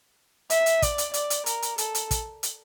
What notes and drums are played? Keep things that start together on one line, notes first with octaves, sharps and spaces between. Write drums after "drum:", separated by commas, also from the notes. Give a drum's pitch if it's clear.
E5, drum: hi-hat
drum: hi-hat
D5, drum: kick, hi-hat
drum: hi-hat
D5, drum: hi-hat
drum: hi-hat
A#4, drum: hi-hat
drum: hi-hat
A4, drum: hi-hat
drum: hi-hat
drum: kick, hi-hat
drum: hi-hat